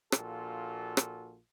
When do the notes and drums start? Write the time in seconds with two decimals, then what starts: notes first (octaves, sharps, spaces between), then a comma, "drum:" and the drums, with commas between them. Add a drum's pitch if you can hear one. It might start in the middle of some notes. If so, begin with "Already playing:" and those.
0.12 A#1 A#2 F4 F#4 A4, drum: rim click
0.97 drum: rim click